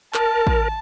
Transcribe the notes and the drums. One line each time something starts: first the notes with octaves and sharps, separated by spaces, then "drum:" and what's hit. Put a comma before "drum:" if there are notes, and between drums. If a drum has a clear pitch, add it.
A#4 A5, drum: clap
drum: kick